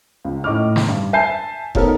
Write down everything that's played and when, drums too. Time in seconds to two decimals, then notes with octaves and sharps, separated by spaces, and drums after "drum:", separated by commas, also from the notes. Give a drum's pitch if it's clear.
0.25 C#2
0.44 A2 D#5 C#6 D6 F6
0.76 drum: snare
0.88 G2
1.13 E5 G#5 A5 G6 C7
1.75 B3 C#4 D#4 A4 A#4, drum: kick